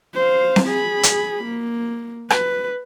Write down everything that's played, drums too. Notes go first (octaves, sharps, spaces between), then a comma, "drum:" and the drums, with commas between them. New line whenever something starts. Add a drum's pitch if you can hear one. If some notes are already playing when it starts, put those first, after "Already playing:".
C5 F5
drum: snare C4
G#4 B5
drum: hi-hat
A#3
B4, drum: rim click